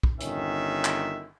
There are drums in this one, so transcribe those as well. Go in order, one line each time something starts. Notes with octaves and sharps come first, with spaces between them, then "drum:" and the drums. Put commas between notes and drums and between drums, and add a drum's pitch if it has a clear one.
drum: kick
G1 D#3 C#4 E5, drum: hi-hat
drum: clap